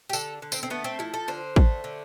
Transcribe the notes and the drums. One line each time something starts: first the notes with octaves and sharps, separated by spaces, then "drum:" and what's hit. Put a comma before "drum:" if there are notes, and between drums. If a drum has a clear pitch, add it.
G4
D3 A4, drum: tambourine
D3
C4, drum: tambourine
C4
A3 B3
C4
F3 E4
A4
D3 C5
A3, drum: kick
D3